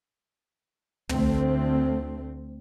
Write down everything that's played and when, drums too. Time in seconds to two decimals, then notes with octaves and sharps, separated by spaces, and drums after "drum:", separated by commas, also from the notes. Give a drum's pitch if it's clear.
1.09 D2 A3 C4, drum: tom